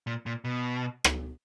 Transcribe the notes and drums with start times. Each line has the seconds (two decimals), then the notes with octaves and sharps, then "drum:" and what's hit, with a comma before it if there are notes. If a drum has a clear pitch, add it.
0.07 A#2
0.26 A#2
0.45 B2
1.04 drum: rim click